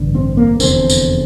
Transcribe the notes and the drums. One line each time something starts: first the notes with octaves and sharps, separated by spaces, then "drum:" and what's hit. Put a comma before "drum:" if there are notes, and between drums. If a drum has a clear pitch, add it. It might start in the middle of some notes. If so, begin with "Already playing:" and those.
Already playing: A1 G2 D3
C4
A#3
F1 E2 D3 C4, drum: tambourine
drum: tambourine